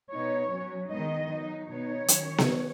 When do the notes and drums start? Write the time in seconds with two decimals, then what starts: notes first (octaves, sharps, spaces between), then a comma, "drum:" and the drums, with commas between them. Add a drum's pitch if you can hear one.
0.12 B2 B3 D#4 C#5
0.50 F#3 C#4
0.90 D#3 G#3 B3 D#4 D#5
1.29 F#3 D#4
1.69 B2 B3 D#4 C#5
2.08 D#3 F#3 C#4, drum: hi-hat
2.38 drum: snare B3